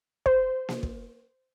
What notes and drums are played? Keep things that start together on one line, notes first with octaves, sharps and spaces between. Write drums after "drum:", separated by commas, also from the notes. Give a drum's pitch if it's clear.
C5, drum: kick
drum: snare A#3
drum: kick